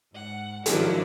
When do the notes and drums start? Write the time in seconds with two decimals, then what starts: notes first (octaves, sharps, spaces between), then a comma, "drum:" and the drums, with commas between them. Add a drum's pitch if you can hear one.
0.13 G#2 F#5
0.66 G#2 D#3 F3 F#3 D4 E4, drum: hi-hat